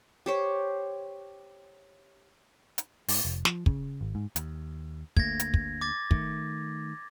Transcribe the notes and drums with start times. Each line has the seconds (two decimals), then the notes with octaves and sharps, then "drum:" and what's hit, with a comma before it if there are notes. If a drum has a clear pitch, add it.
0.26 G4 C5 C#5
2.78 drum: hi-hat
3.08 G2, drum: open hi-hat
3.25 F1
3.45 F3, drum: snare
3.66 C#3, drum: kick
4.01 G#1
4.15 G#2
4.36 D#2, drum: hi-hat
5.17 D2 A3 A#3 G#6 A#6, drum: kick
5.40 drum: hi-hat
5.54 drum: kick
5.81 D6 A6
6.11 D#3 A3, drum: kick